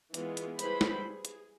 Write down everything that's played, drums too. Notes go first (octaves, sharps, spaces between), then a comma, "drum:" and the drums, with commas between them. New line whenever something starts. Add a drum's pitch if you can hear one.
E3 G#3 B3 F4, drum: hi-hat
drum: hi-hat
G3 E4 G#4 B4 C5 B5, drum: hi-hat
drum: snare
G#4
drum: hi-hat